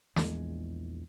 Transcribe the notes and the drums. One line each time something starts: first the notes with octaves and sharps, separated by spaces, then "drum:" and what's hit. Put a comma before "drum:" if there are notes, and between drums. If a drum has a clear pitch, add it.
A#1 E2 G#3, drum: snare